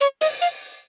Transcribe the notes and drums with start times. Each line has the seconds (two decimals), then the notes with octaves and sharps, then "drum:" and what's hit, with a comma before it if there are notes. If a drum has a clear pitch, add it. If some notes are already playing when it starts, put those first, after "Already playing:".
0.01 C#5
0.21 D#5, drum: open hi-hat
0.41 F5